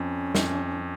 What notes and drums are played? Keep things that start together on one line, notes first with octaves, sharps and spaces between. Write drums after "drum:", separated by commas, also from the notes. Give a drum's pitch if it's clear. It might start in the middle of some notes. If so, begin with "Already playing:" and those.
Already playing: F2 C#4
F2, drum: snare